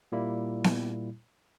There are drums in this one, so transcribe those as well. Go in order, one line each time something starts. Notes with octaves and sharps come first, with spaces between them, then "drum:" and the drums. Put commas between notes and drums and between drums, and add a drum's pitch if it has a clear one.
A#2 G3 A#3 E4
drum: snare B3